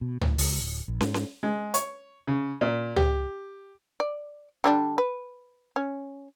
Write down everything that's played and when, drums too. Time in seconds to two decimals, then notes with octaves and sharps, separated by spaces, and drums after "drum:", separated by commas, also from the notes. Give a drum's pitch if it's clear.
0.01 B2
0.21 A2, drum: tom
0.38 C#2, drum: open hi-hat
0.59 D1
0.88 A#1
1.01 G#2, drum: snare
1.14 drum: snare
1.43 G#3
1.74 C#5, drum: hi-hat
2.27 C#3
2.61 A#2
2.96 G4, drum: tom
4.00 D5
4.64 D3 G3 D4
4.98 B4
5.76 C#4